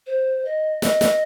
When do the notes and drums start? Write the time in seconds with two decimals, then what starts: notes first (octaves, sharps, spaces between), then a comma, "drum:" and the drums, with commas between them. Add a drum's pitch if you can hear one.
0.07 C5
0.45 D#5
0.82 D#5, drum: snare
1.01 drum: snare